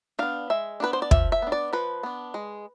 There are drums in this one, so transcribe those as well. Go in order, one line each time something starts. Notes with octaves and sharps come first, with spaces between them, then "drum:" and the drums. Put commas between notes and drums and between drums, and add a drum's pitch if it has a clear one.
B3 D4 F5
G#3 E5
B3 D4 B4
C5
D5
F3 E5, drum: kick
E5
B3 D4
D5
F3 B4
B3 D4
G#3